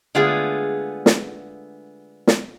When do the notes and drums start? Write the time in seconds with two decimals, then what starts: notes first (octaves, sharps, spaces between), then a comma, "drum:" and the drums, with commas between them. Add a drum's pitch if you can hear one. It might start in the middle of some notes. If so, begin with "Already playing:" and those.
0.15 D3 G#3 A3 B3 F4 G#4
1.06 drum: snare
2.27 drum: snare